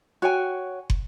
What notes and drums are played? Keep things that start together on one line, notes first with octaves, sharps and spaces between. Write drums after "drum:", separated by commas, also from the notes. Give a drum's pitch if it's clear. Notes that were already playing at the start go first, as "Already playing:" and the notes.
F#4 C#5 G5 G#5
drum: kick